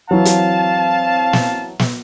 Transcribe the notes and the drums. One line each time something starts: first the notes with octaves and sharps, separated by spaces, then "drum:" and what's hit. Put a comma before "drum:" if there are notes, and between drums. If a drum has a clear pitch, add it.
E3 F#3 C4 F5 A5
drum: hi-hat
drum: snare
drum: snare